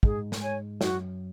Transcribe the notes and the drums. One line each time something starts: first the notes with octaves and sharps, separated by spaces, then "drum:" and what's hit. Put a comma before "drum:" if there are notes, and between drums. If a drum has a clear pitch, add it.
G#2 G#3 G#4, drum: kick
drum: snare
C#5 G#5
F#2 F#3 F#4, drum: snare